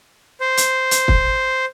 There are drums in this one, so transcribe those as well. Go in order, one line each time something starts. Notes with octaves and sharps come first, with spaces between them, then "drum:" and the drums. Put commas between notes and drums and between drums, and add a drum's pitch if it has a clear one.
C5
drum: hi-hat
drum: hi-hat
drum: kick